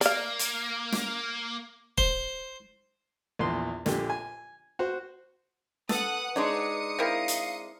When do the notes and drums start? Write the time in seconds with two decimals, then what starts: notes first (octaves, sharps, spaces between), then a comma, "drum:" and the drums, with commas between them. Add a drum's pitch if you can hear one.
0.01 A#3 D5 F5, drum: hi-hat
0.39 drum: hi-hat
0.92 drum: snare
1.98 C5, drum: kick
3.39 A#1 E2 C6
3.86 A#1 D3 G4, drum: snare
4.10 G#5
4.79 F#4 C5
5.89 A4 B4 F#5 D#6, drum: snare
6.36 G#3 D4 D#4 C#5 D#6 C#7
6.99 C4 E4 A#4 F5
7.28 drum: hi-hat